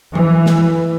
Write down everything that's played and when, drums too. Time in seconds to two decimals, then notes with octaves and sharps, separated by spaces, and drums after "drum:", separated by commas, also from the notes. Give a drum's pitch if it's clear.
0.15 E3, drum: tom F3
0.46 drum: snare